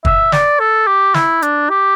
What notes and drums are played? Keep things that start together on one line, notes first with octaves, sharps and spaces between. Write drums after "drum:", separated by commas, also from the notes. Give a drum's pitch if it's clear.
E5, drum: kick
D5, drum: snare
A4
G4
E4, drum: snare
D4, drum: hi-hat
G4